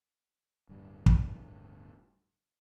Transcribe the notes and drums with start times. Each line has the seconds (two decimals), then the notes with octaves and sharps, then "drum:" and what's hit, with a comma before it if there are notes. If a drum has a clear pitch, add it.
0.69 D1 G2 G3
1.06 drum: kick